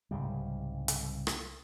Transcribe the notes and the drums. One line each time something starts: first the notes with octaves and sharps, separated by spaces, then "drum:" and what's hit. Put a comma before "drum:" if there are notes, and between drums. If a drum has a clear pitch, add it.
C2 G#2 C#3 G3
drum: hi-hat
drum: rim click